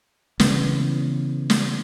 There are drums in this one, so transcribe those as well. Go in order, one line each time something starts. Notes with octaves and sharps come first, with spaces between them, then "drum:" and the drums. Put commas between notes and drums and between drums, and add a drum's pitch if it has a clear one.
C#3 E3 B3, drum: snare
drum: snare